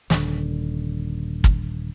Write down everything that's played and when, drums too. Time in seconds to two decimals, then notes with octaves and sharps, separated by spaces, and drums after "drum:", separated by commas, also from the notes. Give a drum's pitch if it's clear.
0.10 D#1 D3, drum: snare
1.44 drum: kick